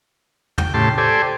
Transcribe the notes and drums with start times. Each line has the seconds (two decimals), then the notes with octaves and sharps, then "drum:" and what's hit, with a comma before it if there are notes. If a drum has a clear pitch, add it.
0.58 G5, drum: tom
0.74 A2 C#3 G4 A5 C6
0.98 G4 A4 C5 D5 G#5